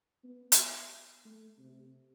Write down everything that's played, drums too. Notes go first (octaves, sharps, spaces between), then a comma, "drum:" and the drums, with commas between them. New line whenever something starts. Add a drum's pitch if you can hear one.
B3
drum: hi-hat
A3
C3